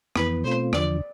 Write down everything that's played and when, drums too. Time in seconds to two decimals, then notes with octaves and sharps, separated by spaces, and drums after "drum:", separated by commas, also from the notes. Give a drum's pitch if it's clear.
0.16 F2 E3 B3 B4, drum: rim click
0.44 B2 A3 C4 F4 C5
0.73 E2 D3 F3 D5, drum: rim click